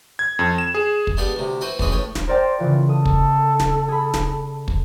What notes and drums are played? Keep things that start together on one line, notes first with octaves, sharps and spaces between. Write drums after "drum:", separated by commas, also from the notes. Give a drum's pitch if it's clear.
G#6
F2
E7
G#4
drum: kick
G#3 B3 D4 G4 F5 F#5
D2 C3
E4 F#4 B4 C5 G5
D2 E3 G#3 C#4 G#4 B4, drum: kick
A2 C#5 G5
drum: snare
A#4 C5 D5 G5
C#3 E3 F4
A4 D#6
drum: kick
drum: snare
G#4 B5
drum: snare
drum: kick